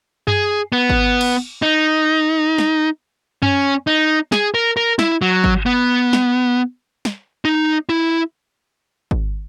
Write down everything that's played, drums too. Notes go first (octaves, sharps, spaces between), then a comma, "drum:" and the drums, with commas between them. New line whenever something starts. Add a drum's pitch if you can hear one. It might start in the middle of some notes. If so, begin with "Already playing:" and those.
G#4, drum: tom F#2
B3
drum: kick G#1
drum: cymbal
D#4
drum: snare
C#4, drum: tom F#2
D#4
G#4, drum: snare
A#4
A#4
E4, drum: snare
F#3
drum: kick G#1
B3
drum: snare
drum: snare
D#4
E4
drum: kick G#1